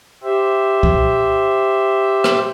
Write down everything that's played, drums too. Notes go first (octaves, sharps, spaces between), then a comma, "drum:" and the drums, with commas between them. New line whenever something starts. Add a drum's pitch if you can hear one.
G4 C5 E5
drum: kick C2
drum: rim click